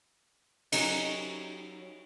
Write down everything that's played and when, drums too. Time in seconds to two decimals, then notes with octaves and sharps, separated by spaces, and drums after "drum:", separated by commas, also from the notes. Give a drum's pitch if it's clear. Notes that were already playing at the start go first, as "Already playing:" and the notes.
0.72 F#3 C#4 D#4, drum: cymbal